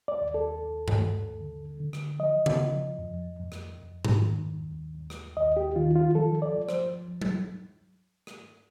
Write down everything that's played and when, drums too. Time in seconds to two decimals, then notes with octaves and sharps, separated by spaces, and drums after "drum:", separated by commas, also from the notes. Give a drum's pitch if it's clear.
0.08 D5
0.21 D#2
0.34 A4
0.61 D#2
0.88 drum: tom G2
1.01 D#2
1.41 D3
1.80 D3
1.93 drum: rim click
2.19 F3 D#5
2.46 drum: tom C#3
2.59 F3
2.98 F2
3.39 F2
3.52 drum: rim click
3.78 F2
4.05 drum: tom G#2
4.17 D#3
4.57 D#2
4.97 D#2
5.10 drum: rim click
5.36 D#2 D#5
5.57 G4
5.76 D#3 F4
5.96 F4
6.15 F3 A4
6.42 D5
6.55 F3
6.69 C5, drum: rim click
7.21 drum: tom F#3
8.27 drum: rim click